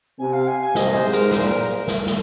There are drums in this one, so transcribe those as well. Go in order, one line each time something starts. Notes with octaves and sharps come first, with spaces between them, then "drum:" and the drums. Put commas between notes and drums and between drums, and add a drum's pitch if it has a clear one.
C3 G#5
F5
G#5
G#5
C3 D#5, drum: snare
C5
G#2
A#4, drum: tambourine
A#2 C5, drum: snare
A#4
drum: snare
drum: snare